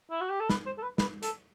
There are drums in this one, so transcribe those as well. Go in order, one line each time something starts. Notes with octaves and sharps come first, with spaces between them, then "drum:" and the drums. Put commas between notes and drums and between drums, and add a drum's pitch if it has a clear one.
E4
F#4
G4
A4
B4, drum: snare
C5
A4
B4
B4, drum: snare
A4, drum: hi-hat